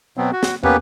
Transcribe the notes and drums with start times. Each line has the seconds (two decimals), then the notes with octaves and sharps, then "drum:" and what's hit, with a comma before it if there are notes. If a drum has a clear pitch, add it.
0.17 B2 F#3 B3 C4
0.33 F#4
0.43 drum: snare
0.63 A#3 B3 C#4 G4 B4, drum: tom